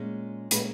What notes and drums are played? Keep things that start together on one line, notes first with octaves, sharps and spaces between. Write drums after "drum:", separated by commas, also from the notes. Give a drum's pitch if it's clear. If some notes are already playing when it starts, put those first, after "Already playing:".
Already playing: A#2 G#3 C#4
A#2 G#3 C#4 B4, drum: hi-hat